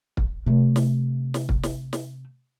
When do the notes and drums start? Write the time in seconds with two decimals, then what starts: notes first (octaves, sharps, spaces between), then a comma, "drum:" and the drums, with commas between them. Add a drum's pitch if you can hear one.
0.17 drum: kick
0.46 C3 A3
0.76 drum: snare
1.34 drum: snare
1.49 drum: kick
1.63 drum: snare
1.93 drum: snare